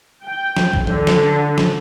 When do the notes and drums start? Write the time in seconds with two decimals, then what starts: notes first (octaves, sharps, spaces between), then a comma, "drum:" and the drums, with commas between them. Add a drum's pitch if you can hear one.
0.23 G5
0.57 drum: snare
0.73 drum: kick A#1
0.87 D3, drum: tom E3
1.07 drum: snare
1.58 drum: snare